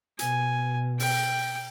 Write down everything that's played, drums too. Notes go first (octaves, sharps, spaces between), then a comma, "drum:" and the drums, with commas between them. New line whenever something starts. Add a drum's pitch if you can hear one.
B2 G#5, drum: hi-hat
G5, drum: open hi-hat